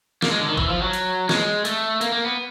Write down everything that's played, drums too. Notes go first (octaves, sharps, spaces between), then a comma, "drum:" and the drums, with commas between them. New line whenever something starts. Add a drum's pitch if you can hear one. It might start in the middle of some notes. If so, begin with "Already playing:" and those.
A#3, drum: snare
G#3
D3
D#3
E3, drum: kick G#1
F3
F#3
drum: hi-hat
G#3, drum: snare
A3, drum: hi-hat
A#3, drum: hi-hat
A#3
B3